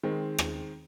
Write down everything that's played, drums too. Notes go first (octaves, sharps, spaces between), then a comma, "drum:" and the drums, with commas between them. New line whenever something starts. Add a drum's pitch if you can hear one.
D#3 G#3 C4
drum: rim click